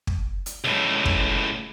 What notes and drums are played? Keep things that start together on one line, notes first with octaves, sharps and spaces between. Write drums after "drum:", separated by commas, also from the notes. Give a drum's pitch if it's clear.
drum: kick
drum: hi-hat
C#2 A2
drum: kick